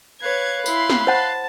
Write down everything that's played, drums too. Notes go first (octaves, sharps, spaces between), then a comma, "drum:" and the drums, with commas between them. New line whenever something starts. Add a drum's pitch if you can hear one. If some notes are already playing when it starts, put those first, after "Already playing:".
B4 C#5 F5 F#6 G#6
E4 B5 C6, drum: tambourine
drum: snare
C5 F#5 A5